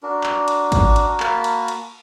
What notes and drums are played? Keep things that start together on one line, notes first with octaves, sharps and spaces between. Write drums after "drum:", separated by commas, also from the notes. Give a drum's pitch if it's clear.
D4 F#4 A#4
drum: clap
drum: cymbal
drum: kick G#1, cymbal
drum: cymbal
A#3 A5 B5, drum: clap
drum: cymbal
drum: cymbal